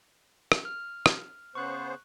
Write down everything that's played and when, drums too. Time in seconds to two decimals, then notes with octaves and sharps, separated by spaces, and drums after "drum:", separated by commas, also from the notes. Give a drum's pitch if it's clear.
0.52 drum: rim click
0.65 F6
1.06 drum: rim click
1.55 C#3 B3 C5 C#6 F#6